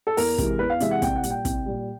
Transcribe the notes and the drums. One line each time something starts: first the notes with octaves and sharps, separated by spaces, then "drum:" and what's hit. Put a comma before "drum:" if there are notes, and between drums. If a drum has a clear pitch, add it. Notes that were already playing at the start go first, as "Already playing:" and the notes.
A4
E2 A#4, drum: open hi-hat
C3 E3 G#3, drum: kick, hi-hat
E2 B4
F5
C3 E3 G#3 E5, drum: hi-hat
F#5
C2 G5, drum: kick, hi-hat
F#5
A#2 G3, drum: hi-hat
G5
C2, drum: kick, hi-hat
A#2 G3